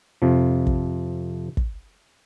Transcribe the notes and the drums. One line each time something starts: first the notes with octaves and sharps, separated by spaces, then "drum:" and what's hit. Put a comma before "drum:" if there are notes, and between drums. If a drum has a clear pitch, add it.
F2 C3 F3
drum: kick
drum: kick